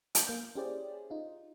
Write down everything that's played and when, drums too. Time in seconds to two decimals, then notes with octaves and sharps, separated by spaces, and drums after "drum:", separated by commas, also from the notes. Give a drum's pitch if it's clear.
0.15 F5 G6, drum: hi-hat
0.29 A#3
0.55 C#4 E4 G4 G#4 C5 D5
1.10 D#4 F4